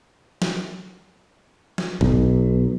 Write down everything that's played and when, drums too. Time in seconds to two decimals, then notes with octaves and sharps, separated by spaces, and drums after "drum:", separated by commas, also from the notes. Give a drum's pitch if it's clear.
0.42 drum: snare
1.78 drum: snare
2.01 B1, drum: kick A1